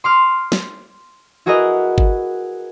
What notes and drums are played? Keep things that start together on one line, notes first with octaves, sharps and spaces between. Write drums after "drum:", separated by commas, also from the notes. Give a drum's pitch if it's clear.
C6 D6 F6
drum: snare
E4 F#4 G#4 A#4 B4 D#5
drum: kick G1